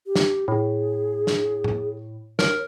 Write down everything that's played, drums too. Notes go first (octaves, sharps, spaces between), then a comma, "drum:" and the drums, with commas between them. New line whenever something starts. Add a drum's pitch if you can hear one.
G4
drum: snare
A2 G#4
drum: snare
drum: tom A2
A#4 C#5, drum: snare